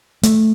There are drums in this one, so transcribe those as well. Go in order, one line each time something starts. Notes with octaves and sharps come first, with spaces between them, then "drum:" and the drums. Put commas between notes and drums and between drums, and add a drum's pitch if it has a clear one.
A3, drum: hi-hat